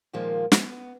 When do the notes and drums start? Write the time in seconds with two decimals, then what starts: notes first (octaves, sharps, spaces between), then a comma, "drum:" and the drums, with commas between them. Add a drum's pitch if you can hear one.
0.13 A#2 D#3 F3 G#3 A#3
0.52 B3, drum: snare